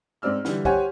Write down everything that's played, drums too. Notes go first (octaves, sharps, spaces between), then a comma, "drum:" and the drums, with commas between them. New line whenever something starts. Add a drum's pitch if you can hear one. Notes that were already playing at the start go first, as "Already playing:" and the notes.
G#2 C4 D5 E6 F6
D3 E3 G3, drum: snare
G4 C5 C#5 F#5 G#5, drum: kick